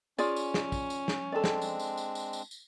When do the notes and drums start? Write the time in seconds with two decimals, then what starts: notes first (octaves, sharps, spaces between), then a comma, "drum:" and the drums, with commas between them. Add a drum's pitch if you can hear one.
0.19 C#4 F4 G#4 D5, drum: tambourine
0.36 drum: tambourine
0.54 drum: snare
0.72 drum: kick, tambourine
0.90 drum: tambourine
1.08 drum: snare
1.32 G#3 C4 D4 A4 D5
1.44 drum: snare
1.62 drum: tambourine
1.79 drum: tambourine
1.97 drum: tambourine
2.15 drum: tambourine
2.33 drum: tambourine
2.51 drum: tambourine